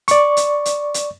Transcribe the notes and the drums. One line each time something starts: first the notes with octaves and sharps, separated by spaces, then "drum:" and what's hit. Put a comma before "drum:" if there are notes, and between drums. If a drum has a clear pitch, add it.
D5 C#6, drum: hi-hat
drum: hi-hat
drum: hi-hat
drum: hi-hat